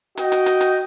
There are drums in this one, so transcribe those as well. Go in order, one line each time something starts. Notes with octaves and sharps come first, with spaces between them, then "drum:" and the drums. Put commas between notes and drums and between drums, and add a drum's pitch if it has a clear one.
F#4 D#5 G5, drum: hi-hat
drum: hi-hat
drum: hi-hat
drum: hi-hat